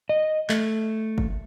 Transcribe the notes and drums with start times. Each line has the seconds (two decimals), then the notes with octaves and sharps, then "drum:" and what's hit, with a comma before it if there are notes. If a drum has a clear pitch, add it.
0.09 D#5
0.49 A3, drum: clap
1.18 drum: kick G1